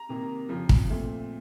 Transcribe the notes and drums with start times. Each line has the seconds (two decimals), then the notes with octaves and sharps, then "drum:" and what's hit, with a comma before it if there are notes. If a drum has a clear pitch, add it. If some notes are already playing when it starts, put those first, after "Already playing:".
Already playing: A#5
0.09 C3 D#3 A#3
0.49 F2 C#3 F3
0.69 drum: kick
0.90 A#2 A3 C4